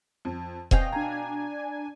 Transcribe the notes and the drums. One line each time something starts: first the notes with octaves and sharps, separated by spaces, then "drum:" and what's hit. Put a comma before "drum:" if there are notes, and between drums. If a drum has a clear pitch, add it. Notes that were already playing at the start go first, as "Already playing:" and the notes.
F2
B2 C4 D#5 F5 G5 G#5, drum: kick E1
D4 G#5 A#5